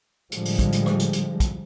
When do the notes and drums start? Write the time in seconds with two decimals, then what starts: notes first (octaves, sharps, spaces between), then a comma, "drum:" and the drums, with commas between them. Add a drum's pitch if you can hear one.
0.32 A2 D3 F3 G3 G#3, drum: hi-hat
0.45 drum: open hi-hat
0.59 drum: kick, hi-hat
0.72 drum: hi-hat
0.86 drum: rim click
1.00 drum: hi-hat
1.13 drum: hi-hat
1.40 drum: kick, hi-hat